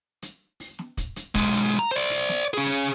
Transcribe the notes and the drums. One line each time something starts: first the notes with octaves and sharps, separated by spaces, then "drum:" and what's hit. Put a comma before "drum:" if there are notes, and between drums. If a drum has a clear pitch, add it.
drum: hi-hat
drum: open hi-hat
drum: snare
drum: kick, hi-hat
drum: hi-hat
B1 G#3, drum: kick, hi-hat
drum: hi-hat
A#5
C5 D5
drum: open hi-hat
drum: snare
C#4 G#4
drum: hi-hat